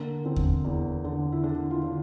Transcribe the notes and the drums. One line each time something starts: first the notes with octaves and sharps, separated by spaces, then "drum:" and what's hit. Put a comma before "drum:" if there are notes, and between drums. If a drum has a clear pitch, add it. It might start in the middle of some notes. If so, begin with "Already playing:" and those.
Already playing: D3 A#3
D3 C4
drum: kick D#2
E2
D3
E4
D3 D4
F4
D3